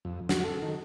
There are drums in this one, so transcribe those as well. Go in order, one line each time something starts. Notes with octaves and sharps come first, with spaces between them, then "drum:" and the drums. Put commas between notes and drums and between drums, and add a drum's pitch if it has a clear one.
F2
F#4, drum: snare
A4
D#3